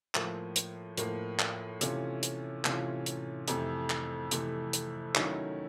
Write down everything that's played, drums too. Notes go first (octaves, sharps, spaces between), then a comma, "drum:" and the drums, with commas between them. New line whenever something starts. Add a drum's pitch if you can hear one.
A2 F3 A#3, drum: clap
drum: hi-hat
A2 F3 A#3, drum: hi-hat
drum: clap
C3 E3 A3 C#4 F4, drum: hi-hat
drum: hi-hat
C3 E3 A3 C#4 F4, drum: clap
drum: hi-hat
F2 C3 E3 A3, drum: hi-hat
drum: clap
F2 C3 E3 A3, drum: hi-hat
drum: hi-hat
D#3 F#3 A3 C#4 E4, drum: clap